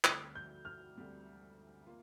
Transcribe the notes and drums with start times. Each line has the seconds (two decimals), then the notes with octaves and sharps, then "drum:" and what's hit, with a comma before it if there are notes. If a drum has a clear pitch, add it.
0.04 D2 D3 G3 C4 F6, drum: clap
0.35 G6
0.65 F6
0.96 D2 D3 G3 C4
1.86 A#3 F4